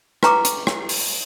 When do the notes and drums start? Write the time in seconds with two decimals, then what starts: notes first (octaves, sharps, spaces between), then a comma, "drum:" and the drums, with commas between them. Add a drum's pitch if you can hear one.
0.23 B4 G5 A#5 C#6 D6, drum: rim click
0.45 drum: hi-hat
0.67 drum: rim click
0.89 drum: open hi-hat